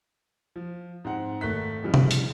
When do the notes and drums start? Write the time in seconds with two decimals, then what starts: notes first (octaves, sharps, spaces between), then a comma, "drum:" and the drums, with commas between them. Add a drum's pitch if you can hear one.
0.56 F3
1.05 G#2 C4 F#5
1.41 G#1 A3 A#3 F#6 B6
1.82 F2 C#3 E3 F3 G3 G#3
1.94 drum: tom C3
2.11 drum: hi-hat